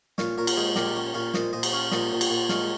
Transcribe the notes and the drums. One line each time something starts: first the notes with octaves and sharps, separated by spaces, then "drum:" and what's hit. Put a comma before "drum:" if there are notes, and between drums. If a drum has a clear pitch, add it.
A#2 C#5 F5, drum: snare
A#2 A#4 C#5
drum: cymbal
G#3 G#4 C5
A#2 G4 A#4, drum: snare
C#4
A#2 C#5 F5
A#2 C5 D#5, drum: snare
A#2 C5 D#5
drum: cymbal
C#4 C#5 F5
A#2 C5 D#5, drum: snare
A#2
drum: cymbal
A#2
G#3 C#5 F5, drum: snare